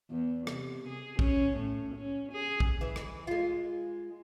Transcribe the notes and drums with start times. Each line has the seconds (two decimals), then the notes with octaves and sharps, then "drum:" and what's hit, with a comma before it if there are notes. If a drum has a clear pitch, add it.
0.10 E2
0.47 C3, drum: rim click
0.88 G#4
1.19 C#4, drum: kick
1.57 A2
1.95 C#4
2.32 G#4
2.60 drum: kick
2.81 E3
2.96 drum: rim click
3.27 G#3 F4